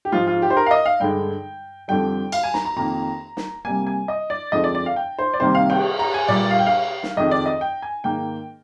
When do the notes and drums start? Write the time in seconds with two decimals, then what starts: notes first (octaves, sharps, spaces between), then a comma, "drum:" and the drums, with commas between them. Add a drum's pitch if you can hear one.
0.05 G4
0.12 G#2 F3 G#3 F4
0.27 F4
0.42 G4
0.50 C5
0.57 A#4
0.66 F5
0.71 D#5
0.86 F5
1.00 G2 D3 G#3 G5
1.88 F2 D3 G3 G5
2.32 F5, drum: cymbal
2.43 G#5
2.54 A#5, drum: snare
2.65 A#5
2.76 F2 D#3 A#3 A#5
3.37 drum: snare
3.65 C3 G3 A#3 G#5
3.87 G#5
4.08 D#5
4.30 D5
4.52 F2 D3 F3 G#3 D#5
4.64 D5
4.75 D5
4.86 F5
4.96 G5
5.19 C5
5.34 D5
5.40 C3 D#3 G3 A#3 C5
5.55 F5
5.70 G5, drum: cymbal
5.99 A#5
6.14 G#5
6.28 A#2 G3 A#3 D5
6.51 F5
6.59 G5
6.67 F5
7.03 drum: snare
7.17 F2 D#3 G#3 D#5
7.31 D5
7.46 D#5
7.61 G5
7.82 G#5
8.04 G#2 D#3 A#3 G5